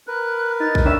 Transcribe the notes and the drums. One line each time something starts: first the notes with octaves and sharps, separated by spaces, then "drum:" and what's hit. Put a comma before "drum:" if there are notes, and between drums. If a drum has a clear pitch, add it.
A#4 B4 F#6
D#4 A6
drum: kick A#1
D4 C#5 E5 E7